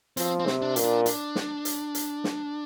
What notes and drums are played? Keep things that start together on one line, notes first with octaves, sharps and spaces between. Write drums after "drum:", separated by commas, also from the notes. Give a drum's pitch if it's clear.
F3 C4, drum: hi-hat
C4
C3, drum: snare
D4
A#2, drum: hi-hat
D4
D4, drum: hi-hat
drum: snare
drum: hi-hat
drum: hi-hat
drum: snare